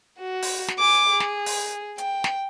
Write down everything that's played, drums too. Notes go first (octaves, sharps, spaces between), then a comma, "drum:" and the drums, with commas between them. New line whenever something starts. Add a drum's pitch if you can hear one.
F#4
drum: open hi-hat
drum: snare
G#5 D6
drum: hi-hat
G#4
drum: snare
drum: open hi-hat
G5, drum: hi-hat
drum: snare